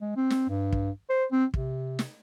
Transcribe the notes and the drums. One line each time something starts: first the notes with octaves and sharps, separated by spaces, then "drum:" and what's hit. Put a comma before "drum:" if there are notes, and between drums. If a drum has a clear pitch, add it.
G#3
C4
drum: snare
G2
drum: kick
C5
C4
C3, drum: kick
drum: snare